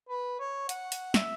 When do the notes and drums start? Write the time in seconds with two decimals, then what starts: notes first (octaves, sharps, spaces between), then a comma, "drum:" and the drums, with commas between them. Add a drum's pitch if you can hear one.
0.09 B4
0.40 C#5
0.69 F#5, drum: hi-hat
0.92 drum: hi-hat
1.14 E5, drum: snare